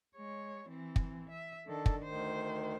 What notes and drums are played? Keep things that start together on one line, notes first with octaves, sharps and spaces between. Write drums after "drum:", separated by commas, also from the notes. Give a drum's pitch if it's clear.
G#3 C#5
E3 C4
drum: kick
E5
D#3 D4 A4
drum: kick
D2 D#3 C5